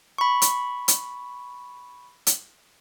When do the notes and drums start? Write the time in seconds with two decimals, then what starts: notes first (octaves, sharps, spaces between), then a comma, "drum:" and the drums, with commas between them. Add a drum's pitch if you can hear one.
0.18 B5 C#6
0.42 drum: hi-hat
0.88 drum: hi-hat
2.27 drum: hi-hat